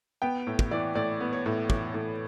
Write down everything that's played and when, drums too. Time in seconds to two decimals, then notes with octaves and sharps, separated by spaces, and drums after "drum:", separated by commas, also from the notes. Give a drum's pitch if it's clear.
0.22 B3 G5
0.47 A2
0.59 drum: kick
0.71 E3 D5
0.95 A2 D5
1.20 B3
1.33 C#5
1.46 A2
1.70 E3, drum: kick
1.94 A2